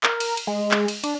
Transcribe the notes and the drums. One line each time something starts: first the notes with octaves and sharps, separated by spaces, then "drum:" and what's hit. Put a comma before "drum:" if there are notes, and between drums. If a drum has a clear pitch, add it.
A#4, drum: clap
drum: cymbal
drum: cymbal
G#3
drum: clap
drum: cymbal
D4, drum: cymbal